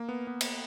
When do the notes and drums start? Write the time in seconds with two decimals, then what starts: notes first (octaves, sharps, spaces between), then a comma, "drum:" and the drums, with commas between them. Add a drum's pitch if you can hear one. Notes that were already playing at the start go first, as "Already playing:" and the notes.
Already playing: A#3
0.09 B3
0.27 B3
0.41 drum: cymbal